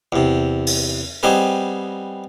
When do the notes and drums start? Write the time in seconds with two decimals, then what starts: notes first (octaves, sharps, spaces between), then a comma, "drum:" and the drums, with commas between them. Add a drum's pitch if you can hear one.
0.12 E2 C3
0.67 drum: open hi-hat
1.23 G3 B3 C4 D#4 G#4 B4